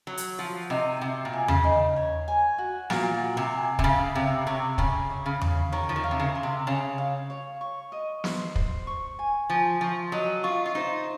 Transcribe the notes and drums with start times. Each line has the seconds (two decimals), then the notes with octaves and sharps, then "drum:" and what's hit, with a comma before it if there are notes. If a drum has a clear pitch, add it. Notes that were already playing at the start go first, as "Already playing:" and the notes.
0.07 F#3 C#5
0.18 drum: hi-hat
0.39 F3 F#4
0.70 C3 D#4
1.01 C3 F#4
1.25 A#2
1.33 G#5
1.48 C#3, drum: tom E2
1.64 D#4
1.96 C#5
2.28 G#5
2.58 F#4
2.90 A#2 F#4, drum: snare
3.22 F#4
3.37 C3
3.53 G#5
3.79 C3, drum: kick
3.84 C#3 F5
4.15 C3 C#5
4.47 C3 C#5
4.78 C#3 C#5, drum: kick
5.10 C#5
5.26 C#3
5.41 F5, drum: tom E2
5.72 D#3 C#5
5.89 F3
5.96 D#3
6.04 F5
6.11 C3
6.20 C#3
6.35 C6
6.43 C3
6.67 C#3 C#5
6.98 F5
7.30 C#5
7.61 C#6
7.92 D#5
8.24 C5, drum: snare
8.56 C5, drum: kick
8.87 C#6
9.19 G#5
9.50 F3 G#5
9.81 F3 C#6
10.12 F#3 D#5
10.43 F4 C#6
10.66 F4
10.75 D#4 C5